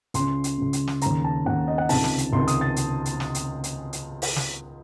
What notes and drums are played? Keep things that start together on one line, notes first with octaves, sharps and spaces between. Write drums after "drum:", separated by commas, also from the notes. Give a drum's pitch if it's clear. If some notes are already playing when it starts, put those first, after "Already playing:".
C#2 C#3 C6, drum: hi-hat
drum: hi-hat
C#2 C#3
drum: hi-hat
drum: snare
D#2 C#3 A#5, drum: hi-hat
A5
D#2 C#3 F#5
D#5
F#5
C#2 C3 D#3 A5, drum: open hi-hat
drum: snare
drum: hi-hat
C#2 C3 D#3 C6
D#6, drum: hi-hat
A6
drum: hi-hat
drum: hi-hat
drum: snare
drum: hi-hat
drum: hi-hat
drum: hi-hat
drum: open hi-hat
drum: snare